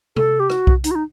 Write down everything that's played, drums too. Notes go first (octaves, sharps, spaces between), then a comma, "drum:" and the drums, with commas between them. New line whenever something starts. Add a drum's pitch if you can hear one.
A4, drum: tom C3
G4
F#4, drum: rim click
drum: kick B1
D#4, drum: hi-hat
F#4
D#4